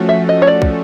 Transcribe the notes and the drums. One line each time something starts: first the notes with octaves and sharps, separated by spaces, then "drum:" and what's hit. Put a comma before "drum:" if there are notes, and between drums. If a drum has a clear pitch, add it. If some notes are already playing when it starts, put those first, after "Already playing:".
Already playing: F3 A3 C#4 F#4 A4
E5
D#5
C#5
D5
drum: kick